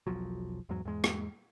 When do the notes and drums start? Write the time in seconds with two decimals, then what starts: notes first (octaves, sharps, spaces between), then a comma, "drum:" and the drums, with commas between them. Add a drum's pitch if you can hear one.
0.07 E1 B1 F3 F#3
0.69 E2 G#2 F#3
0.85 E2 G#2 G#3
1.04 drum: rim click